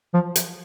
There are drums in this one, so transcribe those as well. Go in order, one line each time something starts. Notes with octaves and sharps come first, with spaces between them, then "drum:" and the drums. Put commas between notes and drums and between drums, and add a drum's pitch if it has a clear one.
F3
drum: hi-hat